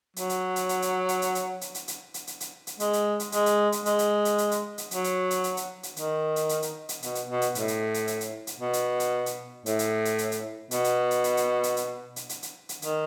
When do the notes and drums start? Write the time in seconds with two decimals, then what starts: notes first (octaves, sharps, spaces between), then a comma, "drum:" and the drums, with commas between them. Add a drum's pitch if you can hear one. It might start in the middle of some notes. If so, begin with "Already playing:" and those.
0.16 F#3, drum: hi-hat
0.29 drum: hi-hat
0.56 drum: hi-hat
0.69 drum: hi-hat
0.82 drum: hi-hat
1.09 drum: hi-hat
1.22 drum: hi-hat
1.35 drum: hi-hat
1.61 drum: hi-hat
1.75 drum: hi-hat
1.88 drum: hi-hat
2.14 drum: hi-hat
2.27 drum: hi-hat
2.40 drum: hi-hat
2.67 drum: hi-hat
2.80 G#3, drum: hi-hat
2.93 drum: hi-hat
3.20 drum: hi-hat
3.32 G#3, drum: hi-hat
3.46 drum: hi-hat
3.72 drum: hi-hat
3.86 G#3, drum: hi-hat
3.99 drum: hi-hat
4.25 drum: hi-hat
4.38 drum: hi-hat
4.51 drum: hi-hat
4.78 drum: hi-hat
4.91 F#3, drum: hi-hat
5.04 drum: hi-hat
5.31 drum: hi-hat
5.44 drum: hi-hat
5.57 drum: hi-hat
5.83 drum: hi-hat
5.96 D#3, drum: hi-hat
6.36 drum: hi-hat
6.49 drum: hi-hat
6.62 drum: hi-hat
6.89 drum: hi-hat
7.02 B2, drum: hi-hat
7.15 drum: hi-hat
7.28 B2
7.41 drum: hi-hat
7.55 A2, drum: hi-hat
7.68 drum: hi-hat
7.94 drum: hi-hat
8.07 drum: hi-hat
8.21 drum: hi-hat
8.47 drum: hi-hat
8.60 B2
8.73 drum: hi-hat
9.00 drum: hi-hat
9.26 drum: hi-hat
9.66 A2, drum: hi-hat
9.79 drum: hi-hat
10.05 drum: hi-hat
10.18 drum: hi-hat
10.32 drum: hi-hat
10.71 B2, drum: hi-hat
10.84 drum: hi-hat
11.11 drum: hi-hat
11.24 drum: hi-hat
11.37 drum: hi-hat
11.63 drum: hi-hat
11.77 drum: hi-hat
12.16 drum: hi-hat
12.29 drum: hi-hat
12.43 drum: hi-hat
12.69 drum: hi-hat
12.82 D#3, drum: hi-hat